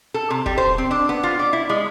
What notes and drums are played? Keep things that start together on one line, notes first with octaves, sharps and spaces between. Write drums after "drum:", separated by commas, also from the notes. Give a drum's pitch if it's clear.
A4
C3
G3, drum: kick
C5
C4
D4
B3
F4
D5
E4
G#3